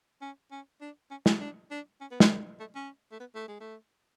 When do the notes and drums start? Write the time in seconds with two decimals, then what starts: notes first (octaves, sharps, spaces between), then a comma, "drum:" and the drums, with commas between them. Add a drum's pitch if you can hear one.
0.21 C#4
0.51 C#4
0.81 D4
1.11 C#4
1.26 C#4, drum: snare
1.40 D4
1.71 D4
2.01 C#4
2.11 B3
2.20 G#3, drum: snare
2.60 A3
2.75 C#4
3.12 A3
3.20 B3
3.35 A3
3.48 G#3
3.60 A3